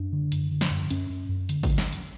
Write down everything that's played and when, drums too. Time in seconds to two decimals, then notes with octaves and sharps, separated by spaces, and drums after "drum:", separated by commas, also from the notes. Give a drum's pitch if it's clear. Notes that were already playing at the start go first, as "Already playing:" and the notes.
Already playing: F#2 D4
0.12 D3
0.32 F#2, drum: hi-hat
0.51 D3
0.61 drum: snare
0.71 F#2
0.90 F#2 C#4, drum: hi-hat
1.10 F#2
1.29 F#2
1.49 D3, drum: hi-hat
1.63 drum: kick, open hi-hat
1.78 drum: snare
1.93 drum: hi-hat